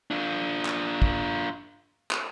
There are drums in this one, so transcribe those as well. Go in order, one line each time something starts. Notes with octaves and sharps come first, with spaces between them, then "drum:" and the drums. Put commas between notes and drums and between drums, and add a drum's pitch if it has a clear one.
D4 F4
drum: clap
drum: kick
drum: clap